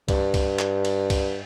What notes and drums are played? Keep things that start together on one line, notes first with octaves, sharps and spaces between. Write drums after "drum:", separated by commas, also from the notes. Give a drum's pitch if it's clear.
G2, drum: kick, cymbal
drum: kick, cymbal
drum: clap
drum: cymbal
drum: kick, cymbal